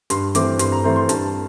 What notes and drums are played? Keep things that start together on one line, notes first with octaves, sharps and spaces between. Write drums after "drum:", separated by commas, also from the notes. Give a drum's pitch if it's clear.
G2 C6, drum: hi-hat
E3 A3 C4 D6, drum: hi-hat
G2 C6, drum: hi-hat
A#5
E3 A3 C4 C6
C6
G2 A5, drum: hi-hat